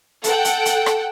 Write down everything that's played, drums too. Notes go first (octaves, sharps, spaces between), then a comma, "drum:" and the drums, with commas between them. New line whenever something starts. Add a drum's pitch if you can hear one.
A4 F#5 G5, drum: hi-hat
drum: hi-hat
drum: hi-hat
drum: rim click